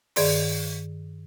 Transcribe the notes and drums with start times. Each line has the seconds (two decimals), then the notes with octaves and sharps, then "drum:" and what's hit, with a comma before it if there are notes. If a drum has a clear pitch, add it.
0.16 G2 D#3 G#4 D5 C6, drum: open hi-hat